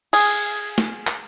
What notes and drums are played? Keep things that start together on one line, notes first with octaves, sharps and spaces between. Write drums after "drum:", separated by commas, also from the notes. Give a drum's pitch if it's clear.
G#4, drum: cymbal
drum: snare
drum: clap